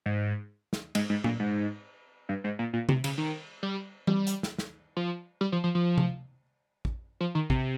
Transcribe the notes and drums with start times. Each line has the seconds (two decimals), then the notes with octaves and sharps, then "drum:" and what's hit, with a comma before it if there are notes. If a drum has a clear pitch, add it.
0.06 G#2
0.73 drum: snare
0.95 G#2, drum: cymbal
1.10 G#2
1.24 A#2, drum: tom A#2
1.40 G#2
2.29 G2
2.44 G#2
2.59 A#2
2.73 A#2
2.89 C3, drum: tom C3
3.04 C#3, drum: cymbal
3.18 D#3
3.63 G3
4.07 G3, drum: tom
4.27 drum: hi-hat
4.43 drum: snare
4.58 drum: snare
4.97 F3
5.41 G3
5.52 F3
5.64 F3
5.75 F3
5.98 drum: tom C3
6.85 drum: kick
7.21 F3
7.35 D#3
7.50 C3, drum: kick